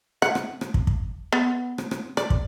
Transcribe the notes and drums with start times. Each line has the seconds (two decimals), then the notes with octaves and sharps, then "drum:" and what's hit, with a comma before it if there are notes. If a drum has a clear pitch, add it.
0.22 F#5, drum: rim click
0.35 drum: rim click
0.61 drum: rim click
0.74 drum: kick
0.87 drum: kick
1.32 B3
1.78 drum: rim click
1.91 drum: rim click
2.17 D5, drum: rim click
2.30 drum: kick